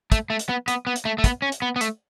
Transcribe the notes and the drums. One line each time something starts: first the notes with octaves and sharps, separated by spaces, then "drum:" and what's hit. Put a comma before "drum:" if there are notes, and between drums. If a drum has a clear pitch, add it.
A3, drum: kick, hi-hat
A3
drum: hi-hat
B3
B3, drum: hi-hat
B3
drum: hi-hat
A3
A3
B3, drum: kick, hi-hat
C#4
drum: hi-hat
B3
B3
A3, drum: hi-hat